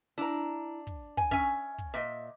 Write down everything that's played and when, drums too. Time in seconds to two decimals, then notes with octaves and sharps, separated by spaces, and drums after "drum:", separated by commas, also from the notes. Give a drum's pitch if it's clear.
0.18 D4 E4 A#5
0.87 drum: kick
1.17 G#5, drum: kick
1.31 C#4 E5 G#5, drum: kick
1.78 drum: kick
1.94 A#2 D#5 E5